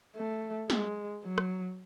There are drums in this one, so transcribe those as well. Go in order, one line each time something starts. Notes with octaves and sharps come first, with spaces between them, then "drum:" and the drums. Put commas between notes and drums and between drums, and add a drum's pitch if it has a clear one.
A3
G#3, drum: snare
F#3
drum: rim click